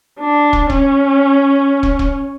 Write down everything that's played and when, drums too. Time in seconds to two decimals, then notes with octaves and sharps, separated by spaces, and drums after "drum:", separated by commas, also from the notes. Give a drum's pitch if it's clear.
0.20 D4
0.53 drum: kick
0.70 C#4, drum: kick
1.83 drum: kick
1.99 drum: kick